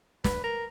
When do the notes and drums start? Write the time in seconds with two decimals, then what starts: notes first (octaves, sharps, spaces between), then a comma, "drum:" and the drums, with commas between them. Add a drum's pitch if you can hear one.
0.24 B4, drum: snare
0.44 A#4